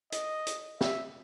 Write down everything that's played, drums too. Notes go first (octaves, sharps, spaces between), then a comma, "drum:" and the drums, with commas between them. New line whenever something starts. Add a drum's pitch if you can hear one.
D#5, drum: hi-hat
drum: hi-hat
E5, drum: snare